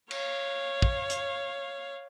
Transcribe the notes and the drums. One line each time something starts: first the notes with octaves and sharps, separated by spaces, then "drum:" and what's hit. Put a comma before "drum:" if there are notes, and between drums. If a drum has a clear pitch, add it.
C#5 F5, drum: cymbal
drum: kick
drum: hi-hat